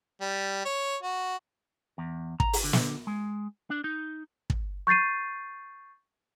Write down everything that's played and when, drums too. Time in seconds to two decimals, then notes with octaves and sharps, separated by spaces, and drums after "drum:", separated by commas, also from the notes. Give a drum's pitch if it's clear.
0.21 G3
0.65 C#5
1.03 F#4
1.98 E2
2.40 A#5, drum: kick
2.53 drum: open hi-hat
2.64 D3
2.73 drum: snare
3.07 G#3
3.70 D4
3.84 D#4
4.50 drum: kick
4.87 C#6 G6 A6 C7 D#7